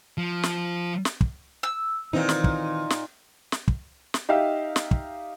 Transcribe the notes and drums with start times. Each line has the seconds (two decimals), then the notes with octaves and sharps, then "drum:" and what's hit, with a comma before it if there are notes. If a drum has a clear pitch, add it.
0.18 F3
0.43 drum: snare
1.05 drum: snare
1.21 drum: kick
1.63 E6
2.13 A#2 D#3 E3 C4 D#4
2.29 drum: snare
2.44 drum: kick
2.90 drum: snare
3.52 drum: snare
3.68 drum: kick
4.14 drum: snare
4.29 D#4 G4 E5 F5
4.76 drum: snare
4.91 drum: kick